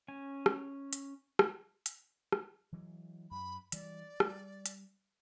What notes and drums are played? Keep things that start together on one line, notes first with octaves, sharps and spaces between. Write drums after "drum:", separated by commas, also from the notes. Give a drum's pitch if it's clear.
C#4 G#5
drum: rim click
drum: hi-hat
drum: rim click
drum: hi-hat
drum: rim click
E3 F#3 G#3
F#2 B5
E3 G3 G#3 D5, drum: hi-hat
G3, drum: rim click
drum: hi-hat